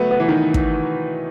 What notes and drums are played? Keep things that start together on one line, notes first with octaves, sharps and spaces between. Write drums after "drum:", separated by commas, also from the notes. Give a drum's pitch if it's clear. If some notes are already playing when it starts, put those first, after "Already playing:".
Already playing: F#3 A3 B3
B3
E3
D#3
drum: kick